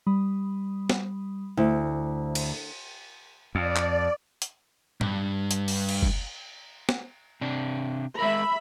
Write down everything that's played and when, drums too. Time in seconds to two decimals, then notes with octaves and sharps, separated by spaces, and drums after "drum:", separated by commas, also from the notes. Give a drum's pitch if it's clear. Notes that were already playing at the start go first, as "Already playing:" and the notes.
0.06 G3 B5 D#6
0.90 drum: snare
1.57 D2 E4 C5 E5
2.35 drum: cymbal
3.55 F2 D5
3.76 drum: clap
4.42 drum: hi-hat
5.01 G2, drum: tom
5.51 drum: hi-hat
5.68 drum: open hi-hat
5.89 drum: cymbal
6.02 drum: kick F#1
6.89 drum: snare
7.41 C3 D4
8.19 G#3 A#4 E5 B5